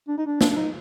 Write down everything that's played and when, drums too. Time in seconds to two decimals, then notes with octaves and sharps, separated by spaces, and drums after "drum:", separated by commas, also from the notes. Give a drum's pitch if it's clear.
0.08 D4
0.18 D#4
0.26 D4
0.41 D4, drum: snare
0.51 D4
0.57 D#4